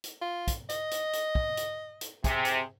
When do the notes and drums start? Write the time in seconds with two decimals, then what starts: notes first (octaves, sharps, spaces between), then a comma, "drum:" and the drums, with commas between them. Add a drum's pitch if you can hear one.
0.04 drum: hi-hat
0.21 F4
0.48 drum: kick, hi-hat
0.69 D#5, drum: hi-hat
0.91 drum: hi-hat
1.13 drum: hi-hat
1.35 drum: kick
1.57 drum: hi-hat
2.01 drum: hi-hat
2.24 C3 G#4, drum: kick, hi-hat
2.45 drum: hi-hat